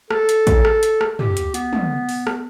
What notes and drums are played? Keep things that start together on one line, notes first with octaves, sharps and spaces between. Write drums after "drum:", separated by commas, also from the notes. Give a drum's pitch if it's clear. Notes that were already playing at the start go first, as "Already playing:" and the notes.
A4, drum: rim click
drum: hi-hat
drum: kick, hi-hat
drum: rim click
drum: hi-hat
drum: rim click
G4, drum: tom
drum: hi-hat
B3, drum: hi-hat
drum: tom
drum: open hi-hat
drum: rim click